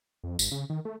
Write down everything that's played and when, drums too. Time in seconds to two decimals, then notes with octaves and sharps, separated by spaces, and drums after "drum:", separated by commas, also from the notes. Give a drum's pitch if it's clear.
0.24 F2
0.39 G#1, drum: tambourine
0.51 C#3
0.70 D#3
0.85 A3